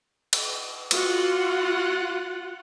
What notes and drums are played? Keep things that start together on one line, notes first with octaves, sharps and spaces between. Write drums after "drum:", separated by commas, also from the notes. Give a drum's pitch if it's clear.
drum: cymbal
F4 F#4 F#5, drum: cymbal